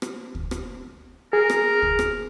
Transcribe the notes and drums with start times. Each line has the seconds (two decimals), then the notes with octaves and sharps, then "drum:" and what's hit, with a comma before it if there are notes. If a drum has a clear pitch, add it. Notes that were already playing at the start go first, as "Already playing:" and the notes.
0.02 drum: rim click
0.35 drum: kick D2
0.51 drum: rim click
1.33 G#4 A#4
1.50 drum: rim click
1.82 drum: kick D2
1.99 drum: rim click